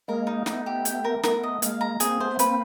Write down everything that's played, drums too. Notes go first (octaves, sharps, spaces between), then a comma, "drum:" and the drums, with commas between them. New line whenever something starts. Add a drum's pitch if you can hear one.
G#3 A#3 A#4
D#4
A3 B3 D#4, drum: snare
G4
G5, drum: hi-hat
A#4
A3 B3 A#4, drum: snare
D#5
G#3 A#3 F5, drum: hi-hat
A#5
A#3 C4 G#4, drum: hi-hat
A3 B3 C5
A#3 C4 B4, drum: hi-hat